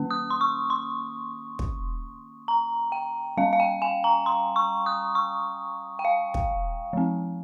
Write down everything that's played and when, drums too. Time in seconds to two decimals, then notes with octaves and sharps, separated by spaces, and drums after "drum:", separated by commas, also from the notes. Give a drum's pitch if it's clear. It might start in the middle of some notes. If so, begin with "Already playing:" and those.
Already playing: D#3 A#3 C#4
0.11 D#6
0.30 C6
0.41 C#6
0.70 C6
1.59 drum: kick
2.48 A#5
2.92 G5
3.37 G3 C#4 F5
3.53 F5
3.60 G5
3.82 G#5
4.04 A#5
4.26 C6
4.56 C#6
4.86 D#6
5.15 C#6
5.99 G5
6.05 F5
6.34 drum: kick
6.93 F3 C4